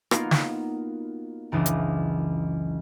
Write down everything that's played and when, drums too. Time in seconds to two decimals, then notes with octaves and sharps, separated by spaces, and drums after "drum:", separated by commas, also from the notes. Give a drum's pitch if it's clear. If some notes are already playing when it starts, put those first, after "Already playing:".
0.11 A#3 B3 D#4 F4 F#4 A#4, drum: rim click
0.31 drum: snare
1.52 F#1 C#2 E3 D4 D#6
1.66 drum: hi-hat